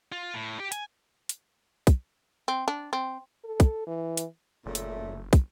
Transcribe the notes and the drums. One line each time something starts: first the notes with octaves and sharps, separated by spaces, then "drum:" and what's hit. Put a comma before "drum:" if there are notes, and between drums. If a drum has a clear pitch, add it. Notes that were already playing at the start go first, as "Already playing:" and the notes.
F4
A2
G4
G#5, drum: hi-hat
drum: hi-hat
drum: kick, hi-hat
C4
D4
C4
A4
drum: kick, hi-hat
E3
drum: hi-hat
F#1 A#2 C#3 A3
drum: hi-hat
drum: kick, hi-hat